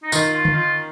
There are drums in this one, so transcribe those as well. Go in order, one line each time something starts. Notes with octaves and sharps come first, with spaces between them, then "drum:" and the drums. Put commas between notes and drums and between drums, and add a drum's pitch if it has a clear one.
D#4
D#3 F4, drum: tambourine
F4
drum: tom D3
F4